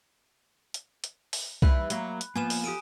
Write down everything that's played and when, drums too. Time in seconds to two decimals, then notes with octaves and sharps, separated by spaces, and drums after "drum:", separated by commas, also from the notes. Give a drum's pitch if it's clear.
0.74 drum: hi-hat
1.04 drum: hi-hat
1.33 drum: open hi-hat
1.62 D#2 E3 G3 B5 F#6, drum: kick C2
1.90 F#3 A#3, drum: hi-hat
2.21 drum: hi-hat
2.36 F3 A#3 B3 G#5 E7
2.50 drum: open hi-hat
2.64 G4 A4 D#6 D7 D#7